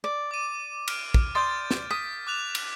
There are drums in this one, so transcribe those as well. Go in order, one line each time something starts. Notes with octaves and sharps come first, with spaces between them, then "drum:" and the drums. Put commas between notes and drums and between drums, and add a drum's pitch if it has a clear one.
D5
D6 D#7
F6 D7, drum: cymbal
drum: kick
D5 C6 D#6 G6 A6
drum: snare
D#6 B6
D6 F#6 F7
drum: cymbal